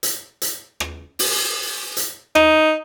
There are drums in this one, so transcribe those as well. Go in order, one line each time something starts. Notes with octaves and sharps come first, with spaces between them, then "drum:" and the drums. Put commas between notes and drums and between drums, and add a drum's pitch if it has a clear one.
drum: hi-hat
drum: hi-hat
drum: rim click
drum: open hi-hat
drum: hi-hat
D#4, drum: rim click